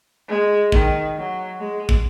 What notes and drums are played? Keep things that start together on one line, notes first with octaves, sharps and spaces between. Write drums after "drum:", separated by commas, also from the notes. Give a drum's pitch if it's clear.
G#3
D#3, drum: kick
F#3
G#3
drum: kick